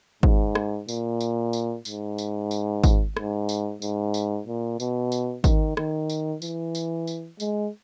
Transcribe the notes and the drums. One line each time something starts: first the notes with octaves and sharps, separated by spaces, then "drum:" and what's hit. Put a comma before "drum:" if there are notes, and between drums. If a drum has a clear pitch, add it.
G#2, drum: kick G#1
drum: rim click
A#2, drum: tambourine
drum: tambourine
drum: tambourine
G#2, drum: tambourine
drum: tambourine
drum: tambourine
drum: kick G#1, tambourine
G#2, drum: rim click
drum: tambourine
G#2, drum: tambourine
drum: tambourine
A#2
B2, drum: tambourine
drum: tambourine
D#3, drum: kick G#1, tambourine
D#3, drum: rim click
drum: tambourine
E3, drum: tambourine
drum: tambourine
drum: tambourine
G#3, drum: tambourine